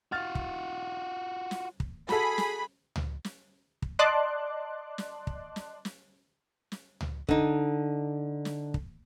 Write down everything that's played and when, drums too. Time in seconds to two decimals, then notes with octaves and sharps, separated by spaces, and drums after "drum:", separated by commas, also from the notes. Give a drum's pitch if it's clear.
0.12 F4 F#4 F6 A6
0.35 drum: kick
1.51 drum: snare
1.80 drum: kick
2.09 F#4 G#4 A4 B5, drum: snare
2.38 drum: snare
2.96 drum: tom C#2
3.25 drum: snare
3.82 drum: kick
3.99 D5 D#5 A5 C6 D6 F#6
4.98 drum: snare
5.27 drum: kick
5.56 drum: snare
5.85 drum: snare
6.72 drum: snare
7.01 drum: tom C#2
7.29 D3 D#4, drum: kick
8.45 drum: snare
8.74 drum: kick